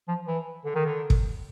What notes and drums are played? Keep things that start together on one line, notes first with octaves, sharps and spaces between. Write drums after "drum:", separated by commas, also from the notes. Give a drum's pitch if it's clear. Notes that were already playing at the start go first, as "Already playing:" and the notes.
F3
E3
D3
D#3
D3
drum: kick